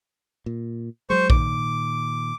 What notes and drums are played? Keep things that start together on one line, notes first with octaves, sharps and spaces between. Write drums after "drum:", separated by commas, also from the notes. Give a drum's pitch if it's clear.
A#2
F#3 G#3 C5 C#6
A#2 D#3 D6, drum: kick A#1